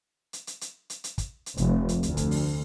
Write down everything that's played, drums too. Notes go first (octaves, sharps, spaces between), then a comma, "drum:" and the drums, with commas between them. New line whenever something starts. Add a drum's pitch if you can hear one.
drum: hi-hat
drum: hi-hat
drum: hi-hat
drum: hi-hat
drum: hi-hat
drum: kick, hi-hat
drum: hi-hat
F1, drum: hi-hat
drum: hi-hat
D2, drum: hi-hat
drum: kick, hi-hat
drum: open hi-hat